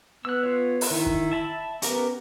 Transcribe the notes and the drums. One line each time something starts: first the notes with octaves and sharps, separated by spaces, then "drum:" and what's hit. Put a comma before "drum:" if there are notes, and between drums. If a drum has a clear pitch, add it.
B3 E6 F#6
F4 C#5
drum: open hi-hat
D#3 E4
drum: kick
E5 A5 B5
B3 C#4 G4 A#4, drum: hi-hat